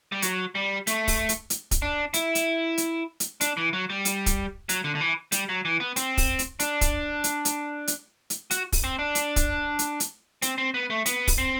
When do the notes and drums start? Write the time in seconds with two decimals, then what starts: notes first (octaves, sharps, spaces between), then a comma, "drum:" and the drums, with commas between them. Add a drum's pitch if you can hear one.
0.12 G3
0.22 F#3, drum: hi-hat
0.55 G3
0.87 A3, drum: hi-hat
1.08 drum: kick, open hi-hat
1.29 drum: hi-hat
1.50 drum: hi-hat
1.71 drum: kick, hi-hat
1.82 D4
2.14 E4, drum: hi-hat
2.35 drum: hi-hat
2.78 drum: hi-hat
3.20 drum: hi-hat
3.41 D4, drum: hi-hat
3.57 E3
3.73 F#3
3.90 G3
4.05 drum: hi-hat
4.26 drum: kick, hi-hat
4.69 F#3, drum: hi-hat
4.84 D3
4.95 D3
5.01 E3
5.32 G3, drum: hi-hat
5.49 F#3
5.65 E3
5.80 B3
5.96 C4, drum: hi-hat
6.18 drum: kick, open hi-hat
6.39 drum: hi-hat
6.60 D4, drum: hi-hat
6.81 drum: kick, hi-hat
7.24 drum: hi-hat
7.45 drum: hi-hat
7.88 drum: hi-hat
8.30 drum: hi-hat
8.51 F#4, drum: hi-hat
8.72 drum: kick, open hi-hat
8.84 C4
8.99 D4
9.15 drum: hi-hat
9.36 drum: kick, hi-hat
9.79 drum: hi-hat
10.00 drum: hi-hat
10.42 C4, drum: hi-hat
10.58 C4
10.74 B3
10.90 A3
11.06 B3, drum: hi-hat
11.27 drum: kick, open hi-hat
11.38 C4